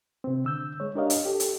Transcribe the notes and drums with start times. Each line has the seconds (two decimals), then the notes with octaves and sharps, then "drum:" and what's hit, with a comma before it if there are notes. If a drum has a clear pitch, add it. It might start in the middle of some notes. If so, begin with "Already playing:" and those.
0.24 C3 C4
0.45 D3 E6 G6
0.80 G#3 C#5
0.95 D4 G4 A#4 C#5 D#5 F5
1.10 drum: hi-hat
1.25 G4 A4
1.40 drum: hi-hat